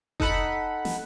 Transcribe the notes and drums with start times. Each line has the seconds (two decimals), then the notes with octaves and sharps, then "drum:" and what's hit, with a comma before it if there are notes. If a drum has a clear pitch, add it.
0.20 D#4 A4 F#5 B5, drum: kick F1
0.85 drum: snare